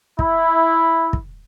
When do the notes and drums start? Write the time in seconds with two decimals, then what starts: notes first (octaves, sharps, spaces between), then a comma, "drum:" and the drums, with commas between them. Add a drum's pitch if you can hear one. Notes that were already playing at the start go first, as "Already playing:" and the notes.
0.19 E4, drum: kick
1.13 drum: kick